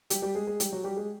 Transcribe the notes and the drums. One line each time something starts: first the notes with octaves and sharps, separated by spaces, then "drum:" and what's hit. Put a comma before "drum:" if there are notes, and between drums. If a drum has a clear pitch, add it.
G3 G4, drum: hi-hat
G3 G4
G#3 G#4
G#3 G#4
G3 G4, drum: hi-hat
F#3 F#4
G3 G4
G#3 G#4